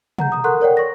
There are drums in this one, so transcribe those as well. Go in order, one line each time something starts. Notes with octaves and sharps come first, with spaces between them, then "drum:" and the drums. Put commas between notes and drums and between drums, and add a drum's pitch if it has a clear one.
F#5 A#5 G6, drum: tom
A#5 D#6
A4 A#4 F#5 C6 C#6 F#6
A#4 C#5 D5 F#5 G5
C#6 A#6